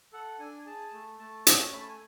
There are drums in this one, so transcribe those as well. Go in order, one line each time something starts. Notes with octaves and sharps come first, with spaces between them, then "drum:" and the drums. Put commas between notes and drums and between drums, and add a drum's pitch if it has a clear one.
A4 F#5
D4 G#5
G#4 A5
A3
A3 A5
C#4, drum: hi-hat
A3 B5
A5
G#5